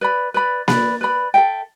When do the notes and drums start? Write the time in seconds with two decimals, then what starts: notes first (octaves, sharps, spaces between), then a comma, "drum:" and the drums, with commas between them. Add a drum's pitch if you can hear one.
0.01 B4 D5 B5
0.34 B4 D5 B5
0.68 B4 D5 B5, drum: snare A#3
1.01 B4 D5 B5
1.34 A4 E5 G5